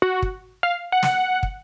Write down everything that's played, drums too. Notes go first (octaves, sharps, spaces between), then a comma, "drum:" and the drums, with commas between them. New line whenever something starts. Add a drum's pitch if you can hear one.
F#4
drum: kick
F5
F#5
drum: snare
drum: kick